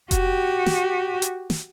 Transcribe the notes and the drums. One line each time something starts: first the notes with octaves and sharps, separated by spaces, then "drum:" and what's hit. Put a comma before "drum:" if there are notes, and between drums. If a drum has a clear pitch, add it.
F#4 G4, drum: kick F1, hi-hat
drum: snare
drum: hi-hat
drum: snare